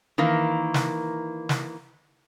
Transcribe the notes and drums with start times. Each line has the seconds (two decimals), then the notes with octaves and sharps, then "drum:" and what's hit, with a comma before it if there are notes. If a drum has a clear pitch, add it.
0.18 D#3 E3 A#3
0.74 drum: snare
1.49 drum: snare